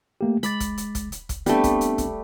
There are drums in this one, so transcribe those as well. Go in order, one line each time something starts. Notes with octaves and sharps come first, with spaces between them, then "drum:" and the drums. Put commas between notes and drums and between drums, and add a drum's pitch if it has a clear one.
A3 A#3 G4
G#3 B5 D6 A6, drum: hi-hat
drum: kick, hi-hat
drum: hi-hat
drum: kick, hi-hat
drum: hi-hat
drum: kick, hi-hat
G3 A3 B3 C4 D4, drum: hi-hat
drum: kick, hi-hat
drum: hi-hat
drum: kick, hi-hat